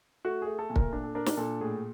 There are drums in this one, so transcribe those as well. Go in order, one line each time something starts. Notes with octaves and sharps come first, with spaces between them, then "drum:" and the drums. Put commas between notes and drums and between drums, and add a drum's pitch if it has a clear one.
A3 F#4
A3 G#4
A4
A#2
A#4, drum: kick
D4
A4
D4 A#4
drum: snare
A#2 A4
A2 G#4